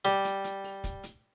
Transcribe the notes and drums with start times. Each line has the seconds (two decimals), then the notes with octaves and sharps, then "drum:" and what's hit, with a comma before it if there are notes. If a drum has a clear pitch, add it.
0.05 G3, drum: hi-hat
0.24 drum: hi-hat
0.44 drum: hi-hat
0.64 drum: open hi-hat
0.84 drum: kick, hi-hat
1.03 drum: hi-hat